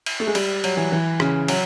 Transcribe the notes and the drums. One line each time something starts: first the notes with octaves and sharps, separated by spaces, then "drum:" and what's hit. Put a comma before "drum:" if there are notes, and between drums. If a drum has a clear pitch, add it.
drum: cymbal
A3
G#3
G3, drum: cymbal
F#3, drum: cymbal
E3
E3
C#3, drum: rim click
F#3, drum: cymbal